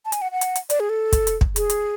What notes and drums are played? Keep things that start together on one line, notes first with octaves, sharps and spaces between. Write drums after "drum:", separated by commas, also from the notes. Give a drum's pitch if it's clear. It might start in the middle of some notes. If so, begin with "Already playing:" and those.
A5
G#5, drum: hi-hat
F#5
F#5
drum: hi-hat
drum: hi-hat
D5, drum: hi-hat
G#4
A4
drum: kick, hi-hat
drum: hi-hat
drum: kick
G#4, drum: hi-hat
drum: hi-hat